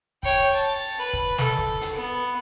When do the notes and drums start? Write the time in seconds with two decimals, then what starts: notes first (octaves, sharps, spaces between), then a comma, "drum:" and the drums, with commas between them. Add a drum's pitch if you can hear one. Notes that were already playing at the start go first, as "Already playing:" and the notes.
0.23 C#5 G5, drum: kick
0.54 A5
0.99 B4
1.13 drum: kick
1.38 A4, drum: snare
1.59 drum: kick
1.81 drum: hi-hat
1.94 B3